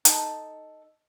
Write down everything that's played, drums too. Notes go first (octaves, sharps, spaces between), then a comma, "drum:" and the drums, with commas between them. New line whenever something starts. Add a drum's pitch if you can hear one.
D#4 A4, drum: hi-hat